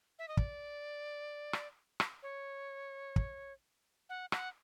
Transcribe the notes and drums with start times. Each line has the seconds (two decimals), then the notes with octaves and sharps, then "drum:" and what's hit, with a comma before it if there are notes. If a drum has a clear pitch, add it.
0.19 E5
0.28 D#5
0.37 D5, drum: kick
1.53 drum: rim click
2.00 drum: rim click
2.23 C#5
3.16 drum: kick
4.09 F#5
4.32 F#5, drum: rim click